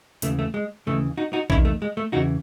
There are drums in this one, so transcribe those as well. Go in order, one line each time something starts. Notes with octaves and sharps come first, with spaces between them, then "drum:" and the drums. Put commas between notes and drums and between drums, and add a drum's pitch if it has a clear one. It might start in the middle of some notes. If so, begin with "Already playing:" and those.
D#2 C#3 E3 A3, drum: hi-hat
A3
G#3
D#2 C#3 E3 A3
D#4 F#4
D#4 F#4
E2 C3 D#3 C#4 E4, drum: kick A#1
A3
G#3
A3
E2 C#3 E3 D#4 F#4